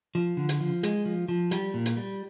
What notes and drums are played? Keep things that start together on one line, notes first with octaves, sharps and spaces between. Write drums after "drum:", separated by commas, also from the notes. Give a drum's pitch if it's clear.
F3
D3
drum: hi-hat
F3
G#3, drum: hi-hat
F3
F3
G3, drum: hi-hat
A#2
drum: hi-hat
G3